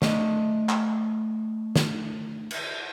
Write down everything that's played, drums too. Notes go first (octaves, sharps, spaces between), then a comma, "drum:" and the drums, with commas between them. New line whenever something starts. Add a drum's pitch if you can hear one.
A3 D5 D#5, drum: snare
drum: clap
drum: snare
drum: cymbal